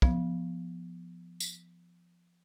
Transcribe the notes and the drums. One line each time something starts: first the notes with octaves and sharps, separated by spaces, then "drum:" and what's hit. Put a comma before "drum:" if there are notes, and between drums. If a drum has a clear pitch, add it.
F3 B3, drum: kick
drum: tambourine